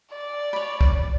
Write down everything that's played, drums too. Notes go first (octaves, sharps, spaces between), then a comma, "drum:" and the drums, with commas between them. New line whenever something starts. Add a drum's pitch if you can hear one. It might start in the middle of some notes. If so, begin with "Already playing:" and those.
D5
C#5 B5
drum: kick